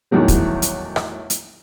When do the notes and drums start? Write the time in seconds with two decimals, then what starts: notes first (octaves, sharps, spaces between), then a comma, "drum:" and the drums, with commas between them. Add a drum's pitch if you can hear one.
0.11 E2 A2 D#3 F#3 G3
0.28 drum: kick, hi-hat
0.62 drum: hi-hat
0.96 drum: rim click
1.30 drum: hi-hat